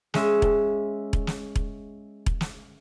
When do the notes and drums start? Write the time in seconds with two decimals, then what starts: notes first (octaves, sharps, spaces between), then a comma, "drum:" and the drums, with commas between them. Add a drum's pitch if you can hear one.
0.14 G#3 C#4 E5, drum: snare
0.42 drum: kick E1
1.13 drum: kick E1
1.27 drum: snare
1.56 drum: kick E1
2.26 drum: kick E1
2.41 drum: snare